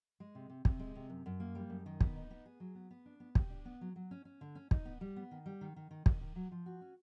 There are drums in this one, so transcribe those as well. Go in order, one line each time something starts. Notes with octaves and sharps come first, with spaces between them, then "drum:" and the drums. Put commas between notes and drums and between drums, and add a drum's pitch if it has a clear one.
G#3
C3
C3
C3, drum: kick
G#3
C3
F#2
F#2
A#3
G3
F#2
D#3
B3, drum: kick
D#4
B3
G#4
F#3
B3
B3
D4
B3
G4, drum: kick
D4
B3
F#3
F#3
C#4
C#4
D3
C#4
D#4, drum: kick
B3
G3
B3
D#3
G3
D#3
D#3
D#3
D#3, drum: kick
D#3
F#3
F3
F#4
C#4